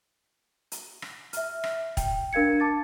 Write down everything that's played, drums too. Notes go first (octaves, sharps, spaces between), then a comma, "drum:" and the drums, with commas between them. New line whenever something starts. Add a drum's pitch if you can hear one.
drum: hi-hat
drum: rim click
E5 F6, drum: hi-hat
drum: rim click
G5, drum: kick, hi-hat
D4 A#4 F5 G#6 C#7
A5 D6 A6